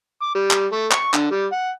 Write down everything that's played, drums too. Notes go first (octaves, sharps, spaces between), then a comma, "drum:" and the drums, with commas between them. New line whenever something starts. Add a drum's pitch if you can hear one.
D6
G3
drum: clap
A3
C#6, drum: clap
D3, drum: clap
G3
F#5